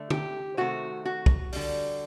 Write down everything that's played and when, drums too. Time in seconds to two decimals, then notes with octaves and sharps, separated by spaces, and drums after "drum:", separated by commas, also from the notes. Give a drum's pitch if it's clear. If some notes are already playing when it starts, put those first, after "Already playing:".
Already playing: D3 A3
0.10 G4, drum: tom
0.57 C3 D#3 A3 F#4
1.05 F#4
1.26 drum: kick
1.52 D3 G3, drum: open hi-hat